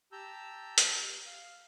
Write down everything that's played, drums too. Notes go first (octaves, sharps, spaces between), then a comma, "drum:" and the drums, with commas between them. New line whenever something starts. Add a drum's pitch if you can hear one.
G4 A5 A#5 E6 G6
drum: hi-hat
F5